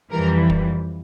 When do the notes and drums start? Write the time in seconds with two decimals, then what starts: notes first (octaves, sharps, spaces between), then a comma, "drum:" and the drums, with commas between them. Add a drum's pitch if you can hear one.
0.11 F2 E3 G3 A#4
0.50 drum: kick